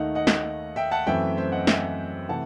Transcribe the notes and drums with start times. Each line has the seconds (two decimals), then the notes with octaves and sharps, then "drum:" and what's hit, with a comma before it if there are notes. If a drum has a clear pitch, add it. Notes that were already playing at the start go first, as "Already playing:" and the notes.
Already playing: D#2 D#3 A3 D#4 D#5 F#5
0.15 D#5 F#5
0.27 drum: snare
0.76 E5 G5
0.91 F#5 A5
1.07 F#2 E3 A3 C4 E5 G5
1.37 C5 E5
1.52 D#5 F#5
1.67 E5 G5, drum: snare
2.29 C3 E3 A3 F#5 A5